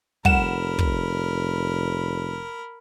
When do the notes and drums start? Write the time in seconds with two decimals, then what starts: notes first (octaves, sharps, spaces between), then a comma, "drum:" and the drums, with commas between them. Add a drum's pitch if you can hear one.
0.25 F1 G3 A#4 F#5 B5 E7, drum: kick
0.79 drum: kick